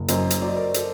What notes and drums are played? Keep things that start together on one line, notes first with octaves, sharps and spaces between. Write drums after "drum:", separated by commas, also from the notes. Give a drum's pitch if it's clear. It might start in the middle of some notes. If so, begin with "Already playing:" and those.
Already playing: F#1
F#2 C5 D#5, drum: hi-hat
drum: hi-hat
F#3 D5
D#5
A#4 D5
A4 C5, drum: hi-hat